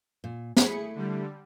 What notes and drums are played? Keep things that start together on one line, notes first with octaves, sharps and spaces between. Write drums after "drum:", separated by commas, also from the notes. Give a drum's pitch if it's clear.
A#2
A3 E4 G#4 B5 C#7, drum: snare
D3 G3